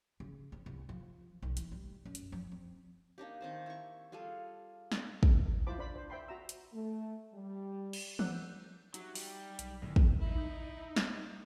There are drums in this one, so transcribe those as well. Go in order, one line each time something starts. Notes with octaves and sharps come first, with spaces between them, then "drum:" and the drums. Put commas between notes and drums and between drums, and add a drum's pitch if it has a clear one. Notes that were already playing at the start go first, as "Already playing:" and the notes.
C#3
C4
C2
F3
B1
E3, drum: hi-hat
G3
F#2
drum: hi-hat
F3
C4
A#3 D4 D#4 G4
D#3 C4 C5
E4 C#6
G3 F4 G#4 A4
drum: snare
drum: kick
E4 F4 C5 A5 B5 D6
D4 C5 D5 B5
C5
C5 E5 G5 B5 C6
F#4 E5 A#5 E6
drum: hi-hat
A3
G3
drum: cymbal
F#5 D6 E6 F#6, drum: tom E3
G6
F#3 D#4 G4 E5, drum: hi-hat
G3, drum: open hi-hat
B1 B6, drum: hi-hat
E2 D3 D#3 D#5
drum: kick
D#4 E4
drum: snare